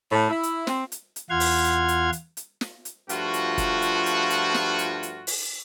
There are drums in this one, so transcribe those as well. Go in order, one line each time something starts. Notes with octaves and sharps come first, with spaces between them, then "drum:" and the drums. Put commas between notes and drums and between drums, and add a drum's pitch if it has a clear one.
A2
E4
drum: hi-hat
C4, drum: snare
drum: hi-hat
drum: hi-hat
E2 F4 F#5 C6 F6 G#6
drum: open hi-hat
drum: hi-hat
drum: hi-hat
drum: hi-hat
drum: hi-hat
drum: snare
drum: hi-hat
G2 F3 A3 F4 F#4, drum: hi-hat
drum: hi-hat
drum: kick, hi-hat
drum: hi-hat
drum: hi-hat
drum: hi-hat
drum: snare
drum: hi-hat
drum: hi-hat
drum: open hi-hat